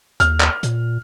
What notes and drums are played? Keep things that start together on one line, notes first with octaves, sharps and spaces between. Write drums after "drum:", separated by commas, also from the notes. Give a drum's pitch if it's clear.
D#2 F6, drum: hi-hat
drum: clap
A#2, drum: hi-hat